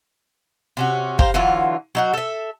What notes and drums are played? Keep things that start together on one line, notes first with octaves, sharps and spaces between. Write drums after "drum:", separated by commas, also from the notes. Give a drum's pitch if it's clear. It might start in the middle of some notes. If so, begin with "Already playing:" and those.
C3 C#4 F#4
C5 F5 G5 A#5, drum: kick
D3 E3 F#3 F4
F#3 D#4 F#4
A4 E5